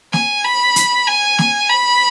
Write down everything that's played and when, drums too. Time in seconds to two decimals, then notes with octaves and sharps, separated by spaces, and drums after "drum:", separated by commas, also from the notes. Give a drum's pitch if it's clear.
0.13 G#5, drum: snare
0.45 B5
0.76 drum: hi-hat
1.08 G#5
1.38 drum: snare
1.70 B5